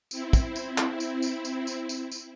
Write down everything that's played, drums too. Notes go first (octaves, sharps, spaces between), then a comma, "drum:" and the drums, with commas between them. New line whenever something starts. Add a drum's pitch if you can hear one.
C4 E4, drum: tambourine
drum: kick, tambourine
drum: tambourine
drum: clap
drum: tambourine
drum: tambourine
drum: tambourine
drum: tambourine
drum: tambourine
drum: tambourine